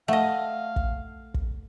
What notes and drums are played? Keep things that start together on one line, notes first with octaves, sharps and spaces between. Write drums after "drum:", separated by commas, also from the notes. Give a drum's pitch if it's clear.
A3 D#5 F5 F#5 A5
drum: kick
drum: kick